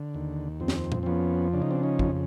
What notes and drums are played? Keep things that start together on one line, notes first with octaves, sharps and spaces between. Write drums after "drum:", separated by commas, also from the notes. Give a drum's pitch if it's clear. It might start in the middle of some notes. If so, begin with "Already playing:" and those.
Already playing: D3
D#2
F2 C4
C#4, drum: snare
C4
drum: tom A#2
C4
F3 B3 C#4
C#3 D4
D#4
C4 D4
C#4 D#4
F2, drum: kick